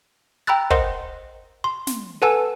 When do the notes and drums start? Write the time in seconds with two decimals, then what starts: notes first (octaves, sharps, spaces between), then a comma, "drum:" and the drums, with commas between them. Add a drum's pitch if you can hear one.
0.47 G5 A#5 B5 E6 F#6 A6
0.70 A#4 C5 D#5 F#5 C6, drum: kick
1.64 C6
1.87 drum: snare
2.22 A4 B4 F#5 G#5 A5 E6